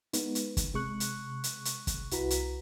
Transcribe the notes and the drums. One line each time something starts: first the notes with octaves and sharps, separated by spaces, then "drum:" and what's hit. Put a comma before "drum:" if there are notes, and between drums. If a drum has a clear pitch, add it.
G#3 B3 D#4, drum: hi-hat
drum: hi-hat
drum: kick, hi-hat
C3 G#3 C#6 F#6
drum: hi-hat
drum: hi-hat
drum: hi-hat
drum: kick, hi-hat
C2 E4 F#4 B4 A#5 B6, drum: hi-hat
drum: hi-hat